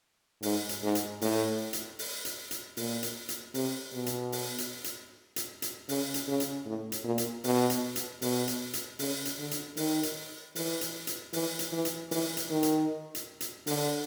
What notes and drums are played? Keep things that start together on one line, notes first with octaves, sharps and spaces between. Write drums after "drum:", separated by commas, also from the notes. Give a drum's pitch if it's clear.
G#2, drum: open hi-hat
drum: hi-hat
G#2
drum: hi-hat
A2, drum: open hi-hat
drum: hi-hat
drum: open hi-hat
drum: hi-hat
drum: hi-hat
A#2, drum: open hi-hat
drum: hi-hat
drum: hi-hat
C3, drum: open hi-hat
B2
drum: hi-hat
drum: open hi-hat
drum: hi-hat
drum: hi-hat
drum: hi-hat
drum: hi-hat
C#3, drum: open hi-hat
drum: hi-hat
C#3
drum: hi-hat
A2
drum: hi-hat
A#2
drum: hi-hat
B2, drum: open hi-hat
drum: hi-hat
drum: hi-hat
B2, drum: open hi-hat
drum: hi-hat
drum: hi-hat
C#3, drum: open hi-hat
drum: hi-hat
D3
drum: hi-hat
D#3, drum: open hi-hat
drum: hi-hat
E3, drum: open hi-hat
drum: hi-hat
drum: hi-hat
E3, drum: open hi-hat
drum: hi-hat
E3
drum: hi-hat
E3, drum: open hi-hat
drum: hi-hat
D#3
drum: hi-hat
drum: hi-hat
drum: hi-hat
D3, drum: open hi-hat